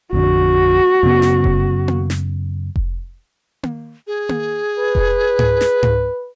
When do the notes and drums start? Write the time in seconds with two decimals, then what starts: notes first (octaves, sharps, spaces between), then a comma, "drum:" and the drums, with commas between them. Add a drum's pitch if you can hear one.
0.13 A1 F2 D3 F#4
1.03 F#2 C#3 B3
1.22 drum: snare
1.44 drum: kick F1
1.88 drum: tom A#3
2.10 drum: snare
2.76 drum: kick F1
3.63 drum: tom A#3
4.07 G#4
4.29 drum: tom A#3
4.79 B4
4.95 drum: kick F1
5.39 drum: tom G#2
5.61 drum: snare
5.83 drum: tom G#2